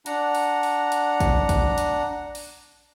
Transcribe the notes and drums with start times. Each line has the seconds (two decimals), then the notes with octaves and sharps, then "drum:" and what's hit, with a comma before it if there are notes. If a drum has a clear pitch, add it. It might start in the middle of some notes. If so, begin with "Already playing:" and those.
0.06 D4 F#5 A#5, drum: hi-hat
0.35 drum: open hi-hat
0.63 drum: open hi-hat
0.92 drum: hi-hat
1.20 drum: kick, hi-hat
1.49 drum: kick, hi-hat
1.78 drum: hi-hat
2.35 drum: open hi-hat